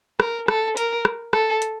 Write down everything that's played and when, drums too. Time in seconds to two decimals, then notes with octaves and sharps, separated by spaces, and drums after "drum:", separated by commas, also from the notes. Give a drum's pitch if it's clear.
0.20 A#4, drum: rim click
0.48 A4, drum: rim click
0.77 A#4, drum: hi-hat
1.05 drum: rim click
1.33 A4, drum: rim click
1.62 drum: hi-hat